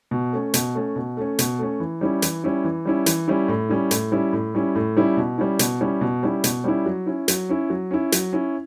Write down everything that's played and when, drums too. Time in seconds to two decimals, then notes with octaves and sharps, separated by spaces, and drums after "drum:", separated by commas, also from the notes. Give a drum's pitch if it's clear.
0.11 B2
0.33 A3 C#4
0.54 B2, drum: hi-hat
0.75 A3 C#4
0.96 B2
1.17 A3 C#4
1.39 B2, drum: hi-hat
1.59 A3 C#4
1.80 E3
2.01 G3 C#4 E4
2.22 E3, drum: hi-hat
2.44 G3 C#4 E4
2.64 E3
2.85 G3 C#4 E4
3.06 E3, drum: hi-hat
3.28 G3 C#4 E4
3.48 A2
3.69 G3 C#4 E4
3.91 A2, drum: hi-hat
4.12 G3 C#4 E4
4.33 A2
4.55 G3 C#4 E4
4.75 A2
4.97 G3 C#4 E4
5.17 B2
5.38 G3 C#4 E4
5.59 B2, drum: hi-hat
5.81 G3 C#4 E4
6.01 B2
6.23 G3 C#4 E4
6.44 B2, drum: hi-hat
6.64 G3 C#4 E4
6.86 F#3
7.06 C#4 E4
7.28 F#3, drum: hi-hat
7.49 C#4 E4
7.70 F#3
7.91 C#4 E4
8.12 F#3, drum: hi-hat
8.33 C#4 E4